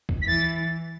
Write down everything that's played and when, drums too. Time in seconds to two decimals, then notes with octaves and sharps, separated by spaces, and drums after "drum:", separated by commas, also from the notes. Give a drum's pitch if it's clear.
0.09 drum: kick C#2
0.22 B6
0.27 E3 A6